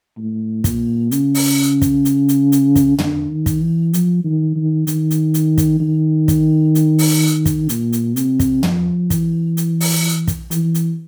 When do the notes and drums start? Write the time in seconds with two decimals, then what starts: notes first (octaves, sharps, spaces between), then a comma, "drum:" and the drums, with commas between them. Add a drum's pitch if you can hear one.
0.17 A2
0.64 A#2, drum: kick, hi-hat
1.11 C#3, drum: hi-hat
1.35 drum: open hi-hat
1.82 drum: kick, hi-hat
2.05 drum: hi-hat
2.29 drum: hi-hat
2.52 drum: hi-hat
2.76 drum: kick, hi-hat
2.98 D3, drum: tom
3.31 D#3
3.46 drum: kick, hi-hat
3.62 E3
3.93 F3, drum: hi-hat
4.24 D#3
4.56 D#3
4.87 D#3, drum: hi-hat
5.11 drum: hi-hat
5.34 drum: hi-hat
5.58 drum: kick, hi-hat
5.80 D#3
6.28 drum: kick, hi-hat
6.75 drum: hi-hat
6.99 drum: open hi-hat
7.46 drum: kick, hi-hat
7.69 A#2, drum: hi-hat
7.93 drum: hi-hat
8.16 C3, drum: hi-hat
8.40 drum: kick, hi-hat
8.63 F3, drum: tom
9.10 E3, drum: kick, hi-hat
9.57 drum: hi-hat
9.81 drum: open hi-hat
10.28 drum: kick, hi-hat
10.51 E3, drum: hi-hat
10.75 drum: hi-hat